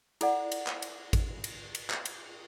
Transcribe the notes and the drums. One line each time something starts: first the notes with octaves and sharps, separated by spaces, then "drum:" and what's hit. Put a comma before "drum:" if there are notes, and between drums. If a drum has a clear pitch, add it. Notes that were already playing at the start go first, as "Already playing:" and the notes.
E4 A4 D5 F#5, drum: cymbal
drum: cymbal
drum: clap
drum: cymbal
drum: kick G#1, cymbal
drum: cymbal
drum: cymbal
drum: clap
drum: cymbal